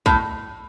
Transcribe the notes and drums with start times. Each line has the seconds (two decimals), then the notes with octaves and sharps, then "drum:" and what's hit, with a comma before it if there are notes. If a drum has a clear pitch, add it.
0.06 A2, drum: kick